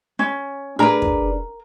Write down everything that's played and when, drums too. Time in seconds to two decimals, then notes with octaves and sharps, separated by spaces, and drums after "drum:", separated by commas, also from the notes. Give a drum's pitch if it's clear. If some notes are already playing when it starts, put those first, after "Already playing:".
0.19 C#4
0.79 D4 G#4 A#4 B4 A#5
1.02 drum: kick